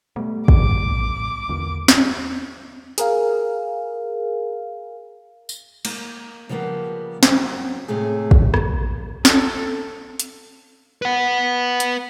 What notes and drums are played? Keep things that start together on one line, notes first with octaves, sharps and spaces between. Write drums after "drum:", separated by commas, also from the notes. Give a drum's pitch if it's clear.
B2 G3 A3
A2 D6, drum: kick
E2 D3 E3 A#3
drum: snare
G#4 A#4 F5, drum: hi-hat
drum: tambourine
A#3 A#5, drum: cymbal
C#3 F3 G3 A#3 B3
F#2 F#3 C4, drum: snare
A2 C3 A3 G#4
drum: kick
drum: rim click
A4, drum: snare
drum: hi-hat
B4 F#5
drum: hi-hat